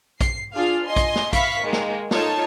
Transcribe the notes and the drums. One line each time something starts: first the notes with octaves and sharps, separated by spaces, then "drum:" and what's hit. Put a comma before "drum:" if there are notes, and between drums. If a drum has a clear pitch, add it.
C7, drum: kick, hi-hat
D4 F4 G#4 F5
D#5 G#5 C6
drum: kick, hi-hat
drum: snare
E5 F5 B5 C#6 B6, drum: kick, hi-hat
D#3 G#3 A#3
drum: snare
D#4 F4 A4 C#5 D#5 A5, drum: snare